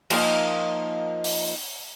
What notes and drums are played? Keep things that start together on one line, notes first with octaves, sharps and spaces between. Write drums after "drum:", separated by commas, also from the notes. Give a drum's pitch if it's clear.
F3 A#3 D#4 D#5, drum: cymbal
drum: open hi-hat